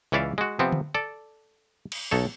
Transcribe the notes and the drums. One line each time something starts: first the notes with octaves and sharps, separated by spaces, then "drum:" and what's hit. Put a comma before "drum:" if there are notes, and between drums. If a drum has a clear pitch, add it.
C#2 E3 C#4 D5 E5 F5
G#3 F#4
C3 F3 B3 C4
drum: tom D3
A4 D5
drum: cymbal
B1 D#4 A4 C#5